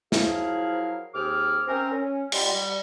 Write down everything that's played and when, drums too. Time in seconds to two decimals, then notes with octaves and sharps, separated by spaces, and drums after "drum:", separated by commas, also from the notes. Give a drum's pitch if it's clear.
0.12 F3 F#3 E4 G#4 A#4 F5, drum: snare
1.14 D#2 C4 G#4 D6 F6
1.67 C4 C#4 A#4
1.92 C#4
2.32 G3 G#3 F4, drum: cymbal
2.51 G3